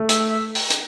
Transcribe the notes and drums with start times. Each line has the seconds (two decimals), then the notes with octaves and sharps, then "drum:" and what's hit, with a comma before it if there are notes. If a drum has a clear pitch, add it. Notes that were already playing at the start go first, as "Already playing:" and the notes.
Already playing: A3
0.09 E5, drum: hi-hat
0.29 E5
0.55 drum: open hi-hat
0.70 drum: hi-hat